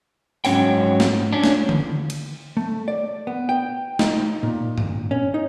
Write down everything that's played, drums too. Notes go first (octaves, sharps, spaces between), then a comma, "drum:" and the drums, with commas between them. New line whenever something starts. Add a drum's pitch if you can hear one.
G#2 F#3 C#4 C#5 G5, drum: open hi-hat
drum: snare
C#4 D4
drum: snare
drum: tom D3
drum: cymbal
A3
D5
B3
G5
D#4, drum: snare
A#2
drum: tom G2
C#4
D#4